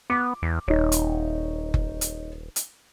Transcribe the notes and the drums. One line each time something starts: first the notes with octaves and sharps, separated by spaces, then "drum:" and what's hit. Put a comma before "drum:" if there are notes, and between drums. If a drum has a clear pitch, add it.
B3 D6
E2
D#1 D#4 C#5
drum: hi-hat
drum: kick F#1
drum: hi-hat
drum: hi-hat